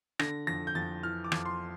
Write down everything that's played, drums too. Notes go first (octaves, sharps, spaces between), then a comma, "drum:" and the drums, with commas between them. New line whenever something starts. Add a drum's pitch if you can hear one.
D3 A#6, drum: rim click
F2 A#6
G6
F2 A6
E3 F6
D6
F2, drum: rim click
C6